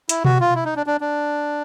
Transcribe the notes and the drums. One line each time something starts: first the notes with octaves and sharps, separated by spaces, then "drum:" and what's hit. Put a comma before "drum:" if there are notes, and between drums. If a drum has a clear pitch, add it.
E4, drum: hi-hat
F#4, drum: tom B2
F4
E4
D#4
D4
D4
D4